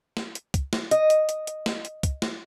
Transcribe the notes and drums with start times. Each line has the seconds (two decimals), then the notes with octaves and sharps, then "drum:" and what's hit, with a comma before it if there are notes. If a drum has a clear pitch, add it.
0.17 drum: snare
0.35 drum: hi-hat
0.54 drum: kick, hi-hat
0.73 drum: snare
0.91 D#5, drum: hi-hat
1.10 drum: hi-hat
1.29 drum: hi-hat
1.47 drum: hi-hat
1.66 drum: snare
1.85 drum: hi-hat
2.03 drum: kick, hi-hat
2.22 drum: snare